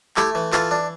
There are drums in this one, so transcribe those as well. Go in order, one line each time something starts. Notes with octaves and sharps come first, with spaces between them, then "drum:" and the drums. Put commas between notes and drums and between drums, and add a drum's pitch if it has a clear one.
A3 E4 G4, drum: clap
E3
E3 F4 A4, drum: clap
D4